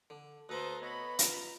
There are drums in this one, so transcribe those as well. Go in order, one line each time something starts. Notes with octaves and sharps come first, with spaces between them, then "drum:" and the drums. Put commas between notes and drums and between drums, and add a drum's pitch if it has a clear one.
D3
D2 A4 B4 C5 A#5 D#6 F#6
B3 C#5 D#5 B5
F4 A#5, drum: hi-hat